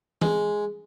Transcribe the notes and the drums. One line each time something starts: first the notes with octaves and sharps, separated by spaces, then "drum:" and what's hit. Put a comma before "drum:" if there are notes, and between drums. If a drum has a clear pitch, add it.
G#3, drum: tom E3